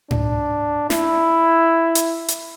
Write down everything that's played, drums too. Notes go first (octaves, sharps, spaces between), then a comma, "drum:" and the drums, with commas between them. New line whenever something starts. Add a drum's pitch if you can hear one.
D4, drum: tom G#2
E4, drum: snare
drum: hi-hat
drum: hi-hat